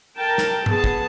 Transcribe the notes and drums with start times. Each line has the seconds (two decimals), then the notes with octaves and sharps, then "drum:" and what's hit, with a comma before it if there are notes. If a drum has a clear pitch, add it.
0.17 A#4 G5 A5
0.38 drum: snare
0.66 B3 G#4 A5, drum: tom G2
0.84 drum: kick